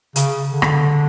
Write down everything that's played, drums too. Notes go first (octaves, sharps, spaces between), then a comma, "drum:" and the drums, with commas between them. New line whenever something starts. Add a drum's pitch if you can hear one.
C#3, drum: hi-hat
D3
drum: rim click